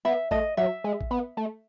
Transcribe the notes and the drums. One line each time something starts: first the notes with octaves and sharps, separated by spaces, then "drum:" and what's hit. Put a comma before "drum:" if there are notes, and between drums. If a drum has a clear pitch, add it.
B3 E5
A3 D#5, drum: kick A1
F#3 E5
G#3
drum: kick A1
B3
A3